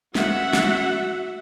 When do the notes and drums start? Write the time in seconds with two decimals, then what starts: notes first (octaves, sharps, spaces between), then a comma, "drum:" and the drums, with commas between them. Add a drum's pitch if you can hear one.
0.15 F#4 E5 F#5, drum: snare
0.53 drum: snare